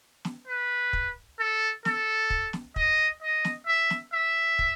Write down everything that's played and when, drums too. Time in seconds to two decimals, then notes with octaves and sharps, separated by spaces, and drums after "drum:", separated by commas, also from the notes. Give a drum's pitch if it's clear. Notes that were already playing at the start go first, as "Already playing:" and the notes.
0.25 drum: snare
0.47 B4
0.93 drum: kick
1.39 A4
1.85 A4, drum: snare
2.30 drum: kick
2.53 drum: snare
2.76 D#5, drum: kick
3.22 D#5
3.45 drum: snare
3.67 E5
3.90 drum: snare
4.13 E5
4.59 drum: kick